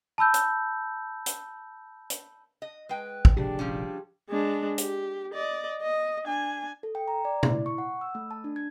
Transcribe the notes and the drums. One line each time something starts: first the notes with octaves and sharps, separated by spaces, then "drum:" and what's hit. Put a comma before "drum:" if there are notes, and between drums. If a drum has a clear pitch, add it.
A5 B5 E6 G6
drum: hi-hat
drum: hi-hat
drum: hi-hat
D#5
G#3 B4 G5
drum: kick
F1 A#1 D3 D4 G4 G#4
F3 G3 C#4
G#3 D4
G4, drum: hi-hat
D5 D#5
D#5
D4 G#5
A4
G5
A#5
D5
E4, drum: tom B2
C#6
F#5
E6
A3
A5
D4
G#6